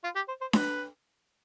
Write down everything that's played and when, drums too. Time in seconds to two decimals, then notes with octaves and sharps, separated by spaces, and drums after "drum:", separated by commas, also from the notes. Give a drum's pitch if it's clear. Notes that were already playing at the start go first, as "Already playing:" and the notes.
0.04 F4
0.15 G4
0.28 C5
0.41 C5
0.53 B4, drum: snare D4